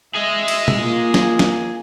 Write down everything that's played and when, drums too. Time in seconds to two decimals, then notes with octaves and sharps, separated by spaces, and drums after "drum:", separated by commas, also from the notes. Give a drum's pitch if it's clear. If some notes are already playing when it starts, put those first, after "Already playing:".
0.16 G#4 D#5 E5
0.48 drum: cymbal
0.68 drum: tom B2
0.81 A#3 F4
1.14 drum: snare
1.39 drum: snare